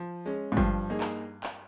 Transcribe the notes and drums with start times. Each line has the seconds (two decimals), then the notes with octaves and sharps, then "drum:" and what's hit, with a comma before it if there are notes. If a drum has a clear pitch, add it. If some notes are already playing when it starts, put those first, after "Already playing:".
Already playing: F3
0.26 G#3 C#4
0.52 G#2
0.57 G2 F3, drum: kick G1
0.90 A#3 D#4 G#4
1.00 drum: clap
1.43 drum: clap